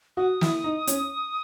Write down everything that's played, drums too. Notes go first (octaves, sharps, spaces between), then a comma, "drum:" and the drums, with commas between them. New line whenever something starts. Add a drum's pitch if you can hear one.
F#4 D#6
E4, drum: snare
D#4
C#4, drum: hi-hat